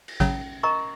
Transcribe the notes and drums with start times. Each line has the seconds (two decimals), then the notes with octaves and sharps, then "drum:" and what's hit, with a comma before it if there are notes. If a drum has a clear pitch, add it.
0.08 drum: cymbal
0.20 C#3 F#3 C#4, drum: kick A1
0.63 A#4 D#5 A#5 C#6